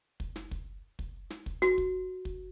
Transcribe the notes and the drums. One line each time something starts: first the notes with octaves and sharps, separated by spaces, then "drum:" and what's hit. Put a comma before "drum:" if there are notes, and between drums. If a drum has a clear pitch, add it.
drum: kick
drum: snare
drum: kick
drum: kick
drum: snare
drum: kick
F#4, drum: snare
drum: kick
drum: kick